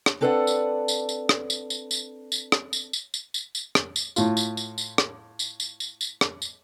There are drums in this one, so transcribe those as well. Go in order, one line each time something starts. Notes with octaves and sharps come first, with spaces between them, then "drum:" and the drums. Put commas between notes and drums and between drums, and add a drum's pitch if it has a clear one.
drum: rim click
C4 D4 A4 B4 D5 F#5
drum: tambourine
drum: tambourine
drum: tambourine
drum: rim click
drum: tambourine
drum: tambourine
drum: tambourine
drum: tambourine
drum: rim click
drum: tambourine
drum: tambourine
drum: tambourine
drum: tambourine
drum: tambourine
drum: rim click
drum: tambourine
A2 F4, drum: tambourine
drum: tambourine
drum: tambourine
drum: tambourine
drum: rim click
drum: tambourine
drum: tambourine
drum: tambourine
drum: tambourine
drum: rim click
drum: tambourine